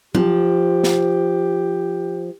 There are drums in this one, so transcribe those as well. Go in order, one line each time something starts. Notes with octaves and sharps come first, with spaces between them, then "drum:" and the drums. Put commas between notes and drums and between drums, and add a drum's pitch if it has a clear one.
F3 G4, drum: tom F#3
drum: snare